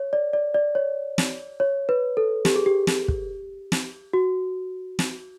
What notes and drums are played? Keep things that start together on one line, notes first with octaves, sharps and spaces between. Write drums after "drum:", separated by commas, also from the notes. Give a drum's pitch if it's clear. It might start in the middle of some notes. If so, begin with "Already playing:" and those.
Already playing: C#5
D5
D5
D5
C#5
drum: snare
C#5
B4
A4
G4, drum: snare
G#4
G4
drum: snare
drum: kick
drum: snare
F#4
drum: snare